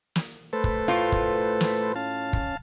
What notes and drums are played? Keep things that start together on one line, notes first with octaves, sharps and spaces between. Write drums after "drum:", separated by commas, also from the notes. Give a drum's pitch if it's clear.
drum: snare
A3 A4 B4 C5
drum: kick
A2 F4
drum: kick
drum: snare
C#4 F5 A5
drum: kick